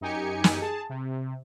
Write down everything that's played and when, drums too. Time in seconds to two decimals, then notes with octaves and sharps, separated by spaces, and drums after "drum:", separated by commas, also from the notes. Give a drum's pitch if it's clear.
0.01 F#2 D#4 G4 G#5 C#7
0.44 drum: snare
0.61 G#4 A5
0.89 C3